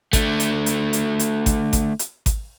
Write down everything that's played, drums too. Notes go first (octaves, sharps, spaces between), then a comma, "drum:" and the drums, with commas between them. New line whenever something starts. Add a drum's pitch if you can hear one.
D3 A3, drum: kick G#1, hi-hat
drum: hi-hat
drum: hi-hat
drum: hi-hat
drum: hi-hat
drum: kick G#1, hi-hat
drum: kick G#1, hi-hat
drum: hi-hat
drum: kick G#1, hi-hat